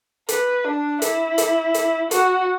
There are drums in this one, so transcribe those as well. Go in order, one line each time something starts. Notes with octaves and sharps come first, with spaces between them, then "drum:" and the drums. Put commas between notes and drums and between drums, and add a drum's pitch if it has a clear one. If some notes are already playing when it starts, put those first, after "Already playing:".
B4, drum: hi-hat
D4
E4, drum: hi-hat
drum: hi-hat
drum: hi-hat
F#4, drum: hi-hat